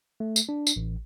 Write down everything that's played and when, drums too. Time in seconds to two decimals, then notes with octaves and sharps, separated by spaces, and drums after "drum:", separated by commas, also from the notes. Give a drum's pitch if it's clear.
0.20 A3
0.36 drum: tambourine
0.49 D4
0.67 drum: tambourine
0.76 A1